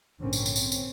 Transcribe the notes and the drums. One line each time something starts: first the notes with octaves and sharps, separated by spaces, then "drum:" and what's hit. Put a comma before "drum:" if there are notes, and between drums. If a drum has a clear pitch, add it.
A#1 G#2 D3 A#3 C4 C#4
drum: tambourine
drum: tambourine
C4 C#4, drum: tambourine
drum: tambourine